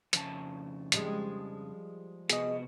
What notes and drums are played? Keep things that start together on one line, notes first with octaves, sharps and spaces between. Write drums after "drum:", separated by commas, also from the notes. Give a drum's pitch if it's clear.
F2 C#3 A5, drum: hi-hat
F3 G3 G#3, drum: hi-hat
C3 B3 F#4 G#4 D#5, drum: hi-hat